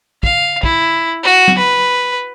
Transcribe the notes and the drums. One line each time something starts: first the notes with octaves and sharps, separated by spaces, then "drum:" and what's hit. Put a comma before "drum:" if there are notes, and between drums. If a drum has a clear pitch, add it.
F5, drum: kick
E4, drum: kick
F#4
drum: tom F#3
B4